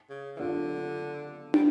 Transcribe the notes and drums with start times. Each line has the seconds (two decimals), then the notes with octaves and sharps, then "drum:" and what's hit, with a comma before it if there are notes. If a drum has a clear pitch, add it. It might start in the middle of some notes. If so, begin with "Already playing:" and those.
0.10 C#3
0.36 E3
0.40 D3 D4 F4
1.54 G3, drum: tom